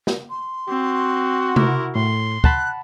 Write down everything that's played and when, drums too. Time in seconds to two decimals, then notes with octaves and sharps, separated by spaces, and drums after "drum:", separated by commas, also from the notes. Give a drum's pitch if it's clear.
0.07 drum: snare
0.30 C6
0.69 C4 F#4
1.56 E4 A#4, drum: tom C3
1.95 A2 C6
2.44 F#5 A5 B5 F#6, drum: kick